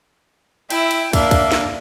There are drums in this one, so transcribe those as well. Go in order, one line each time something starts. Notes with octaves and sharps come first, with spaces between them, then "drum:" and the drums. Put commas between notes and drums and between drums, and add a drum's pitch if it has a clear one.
E4 E5 G5, drum: cymbal
drum: cymbal
A#3 D4 E5, drum: kick, cymbal
drum: kick, cymbal
drum: snare